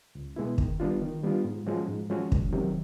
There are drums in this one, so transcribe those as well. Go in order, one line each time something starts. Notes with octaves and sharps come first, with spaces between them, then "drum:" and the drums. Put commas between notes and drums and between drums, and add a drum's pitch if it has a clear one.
C#2
B2 G#3 B3 E4
D#3, drum: kick
G3 B3 D4 F4
D#3
G3 B3 D4 F4
G#2
F3 G#3 C#4 F#4
G#2
F3 G#3 C#4 F#4
C#2, drum: kick
C3 D#3 F#3